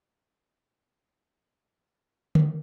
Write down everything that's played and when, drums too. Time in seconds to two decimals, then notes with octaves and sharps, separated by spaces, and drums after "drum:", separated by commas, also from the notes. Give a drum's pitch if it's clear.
0.24 C#6
0.99 C7
1.45 A4
1.88 A6
2.35 drum: tom D3